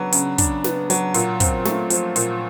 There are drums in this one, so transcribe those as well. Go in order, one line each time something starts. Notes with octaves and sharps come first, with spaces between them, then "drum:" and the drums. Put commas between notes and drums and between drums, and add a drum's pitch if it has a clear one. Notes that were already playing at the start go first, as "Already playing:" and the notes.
Already playing: C#3 F#3 B3 D4
C#3, drum: hi-hat
D4, drum: kick, hi-hat
B3, drum: snare
F#3, drum: hi-hat
A#2, drum: hi-hat
C4, drum: kick, hi-hat
A3, drum: snare
F3, drum: hi-hat
A#2, drum: hi-hat